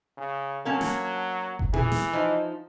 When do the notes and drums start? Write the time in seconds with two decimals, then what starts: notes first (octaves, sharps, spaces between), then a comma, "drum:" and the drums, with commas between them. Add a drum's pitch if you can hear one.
0.18 C#3
0.65 F#3 A#3 C#4 A5
0.81 drum: snare
1.59 drum: kick F#1
1.74 E3 G#4, drum: tom A#2
1.92 drum: snare
2.13 F3 D#4 C5